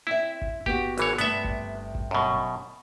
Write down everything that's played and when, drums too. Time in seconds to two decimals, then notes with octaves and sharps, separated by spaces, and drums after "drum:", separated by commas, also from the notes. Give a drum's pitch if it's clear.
0.07 C4 E4 E5
0.42 drum: kick G1
0.66 B3 F#4 G4, drum: kick G1
0.98 G#1 E3 C#5, drum: hi-hat
1.18 G2 C3 A3 B3 E5, drum: hi-hat
1.44 drum: kick G1
1.95 drum: kick G1
2.11 F#2 B2